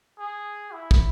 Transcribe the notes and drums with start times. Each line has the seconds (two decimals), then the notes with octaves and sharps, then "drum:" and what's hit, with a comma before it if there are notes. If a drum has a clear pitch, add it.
0.19 G#4
0.73 E4
0.91 drum: kick